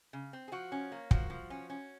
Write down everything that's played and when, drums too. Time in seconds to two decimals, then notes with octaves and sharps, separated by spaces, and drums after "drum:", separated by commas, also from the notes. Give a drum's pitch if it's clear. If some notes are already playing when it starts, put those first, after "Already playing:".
0.13 C#3
0.33 C4
0.48 G#4
0.52 F3 F#4
0.72 C#4
0.92 A#3
1.11 F3 F#4, drum: kick
1.30 F3
1.50 C#4
1.70 C#4